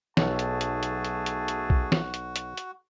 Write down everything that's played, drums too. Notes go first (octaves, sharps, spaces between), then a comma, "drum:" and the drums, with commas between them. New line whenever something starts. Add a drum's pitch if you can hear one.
B1 A3 F#4 G#4 A5, drum: snare
drum: hi-hat
drum: hi-hat
drum: hi-hat
drum: hi-hat
drum: hi-hat
drum: hi-hat
drum: kick B1
drum: snare
drum: hi-hat
drum: hi-hat
drum: hi-hat